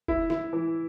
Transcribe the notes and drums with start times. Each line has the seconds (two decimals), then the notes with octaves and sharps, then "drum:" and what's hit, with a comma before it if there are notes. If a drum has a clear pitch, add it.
0.08 E4, drum: kick F1
0.30 E4, drum: snare
0.53 E3